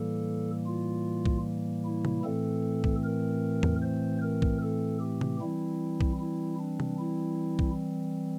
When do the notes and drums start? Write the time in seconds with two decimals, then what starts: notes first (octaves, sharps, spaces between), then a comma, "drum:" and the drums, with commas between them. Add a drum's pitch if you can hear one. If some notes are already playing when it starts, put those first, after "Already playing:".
Already playing: A2 E3 G3 A#3 A4
0.66 F4
1.26 drum: kick B1
1.85 E4
2.05 drum: tom C3
2.24 A2 E3 A3 C4 A4
2.84 drum: kick B1
3.04 A#4
3.63 drum: tom E2
3.83 C5
4.22 A#4
4.42 drum: kick B1
4.62 A4
5.01 G4
5.21 drum: tom C3
5.41 E3 G3 C4 E4
6.01 drum: kick B1
6.20 E4
6.60 D4
6.80 drum: tom C3
6.99 E4
7.59 drum: kick B1